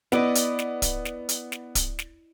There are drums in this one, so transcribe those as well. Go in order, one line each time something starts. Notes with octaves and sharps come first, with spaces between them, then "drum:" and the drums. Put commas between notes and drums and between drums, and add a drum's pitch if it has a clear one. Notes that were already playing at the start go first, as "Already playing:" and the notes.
B3 E4 D5 D#5, drum: snare
drum: hi-hat
drum: snare
drum: kick D1, hi-hat
drum: snare
drum: hi-hat
drum: snare
drum: kick D1, hi-hat
drum: snare